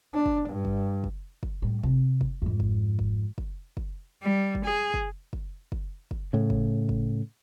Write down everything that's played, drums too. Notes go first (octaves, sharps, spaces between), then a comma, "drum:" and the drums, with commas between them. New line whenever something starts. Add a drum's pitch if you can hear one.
D4
drum: kick
G2
drum: kick
drum: kick
drum: kick
A2 G3
C3, drum: kick
drum: kick
F2 G#2
drum: kick
drum: kick
drum: kick
drum: kick
G3
drum: kick
G#4
drum: kick
drum: kick
drum: kick
drum: kick
A2 C#3
drum: kick
drum: kick